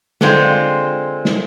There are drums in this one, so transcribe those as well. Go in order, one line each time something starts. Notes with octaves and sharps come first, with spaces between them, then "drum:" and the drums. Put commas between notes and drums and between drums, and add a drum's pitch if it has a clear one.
D3 G#3 C4 F4, drum: snare
drum: snare